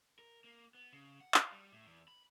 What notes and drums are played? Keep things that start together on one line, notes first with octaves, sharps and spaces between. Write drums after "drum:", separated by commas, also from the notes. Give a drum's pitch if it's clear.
A#4
A#3
B3
C#3
F#5
F5, drum: clap
G3
A2
E2
B5